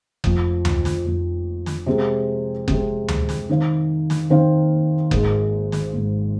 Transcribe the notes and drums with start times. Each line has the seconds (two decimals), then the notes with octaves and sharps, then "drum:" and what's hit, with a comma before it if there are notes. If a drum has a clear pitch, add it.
0.24 F1 F2 F3, drum: kick F#1
0.65 drum: tom D2
0.85 drum: snare
1.05 F1 F2 F3
1.66 drum: snare
1.86 C3 G#3 C4
2.68 C3 G#3 C4, drum: kick F#1
3.08 drum: tom D2
3.29 drum: snare
3.49 D#3 C4 D#4 C5 F5
4.10 drum: snare
4.30 D#3 C4 D#4 C5 F5
5.11 G#1 G#2 G#3, drum: kick F#1
5.72 drum: snare
5.93 G#1 G#2 G#3